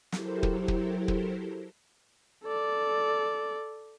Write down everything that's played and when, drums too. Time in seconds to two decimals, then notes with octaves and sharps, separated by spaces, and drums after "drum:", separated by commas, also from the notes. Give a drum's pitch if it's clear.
0.12 F#3 E4 G4 A4 A#4 C5, drum: snare
0.43 drum: kick
0.68 drum: kick
1.08 drum: kick
2.44 A4 D5